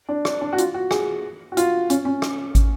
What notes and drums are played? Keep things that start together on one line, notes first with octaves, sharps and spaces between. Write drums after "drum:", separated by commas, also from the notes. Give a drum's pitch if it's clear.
D4
D4, drum: rim click
D4
F#4
F4, drum: hi-hat
F#4
G#4, drum: rim click
F#4
F4, drum: hi-hat
C#4, drum: hi-hat
C#4
drum: rim click
drum: kick, hi-hat